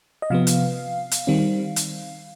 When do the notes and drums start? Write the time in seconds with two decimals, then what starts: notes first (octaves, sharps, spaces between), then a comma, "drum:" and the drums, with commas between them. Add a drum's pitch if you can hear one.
0.22 D#5
0.30 C3 F3 B3 F5
0.47 drum: hi-hat
1.11 drum: hi-hat
1.27 D#3 G3 C4
1.76 drum: hi-hat